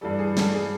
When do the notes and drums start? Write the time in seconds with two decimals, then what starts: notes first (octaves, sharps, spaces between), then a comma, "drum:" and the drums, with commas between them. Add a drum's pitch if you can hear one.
0.01 G2 E3 G3 A4
0.19 G#4
0.37 A4, drum: snare
0.54 G#4